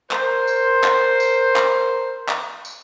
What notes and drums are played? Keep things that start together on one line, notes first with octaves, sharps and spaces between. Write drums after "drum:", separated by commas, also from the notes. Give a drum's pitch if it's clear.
A#4 C5, drum: clap
drum: tambourine
drum: clap
drum: tambourine
drum: clap
drum: clap
drum: tambourine